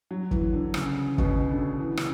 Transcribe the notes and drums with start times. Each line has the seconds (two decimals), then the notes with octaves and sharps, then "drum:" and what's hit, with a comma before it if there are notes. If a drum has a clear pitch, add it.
0.11 F#3
0.31 E3, drum: kick
0.53 D3
0.74 C#3, drum: rim click
0.95 C#3
1.18 B2, drum: kick
1.23 C#3
1.51 D3
1.79 E3
1.97 C#3, drum: rim click